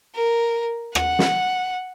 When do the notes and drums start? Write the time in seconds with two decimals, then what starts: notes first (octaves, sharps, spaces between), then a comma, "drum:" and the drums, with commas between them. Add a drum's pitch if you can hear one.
0.15 A#4
0.95 F#5, drum: rim click
1.19 drum: snare